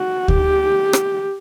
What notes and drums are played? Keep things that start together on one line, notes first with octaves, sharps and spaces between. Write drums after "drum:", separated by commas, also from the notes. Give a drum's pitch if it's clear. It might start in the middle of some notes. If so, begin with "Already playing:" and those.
Already playing: F#4
G4, drum: kick D2
drum: rim click